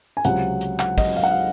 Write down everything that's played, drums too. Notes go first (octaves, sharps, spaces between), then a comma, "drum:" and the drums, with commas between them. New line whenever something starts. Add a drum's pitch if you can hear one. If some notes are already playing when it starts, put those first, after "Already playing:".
G#5
C#2 C3 F#3 F#5, drum: hi-hat
drum: hi-hat
F#5, drum: clap
D#5, drum: kick, open hi-hat
F5
F#5
F5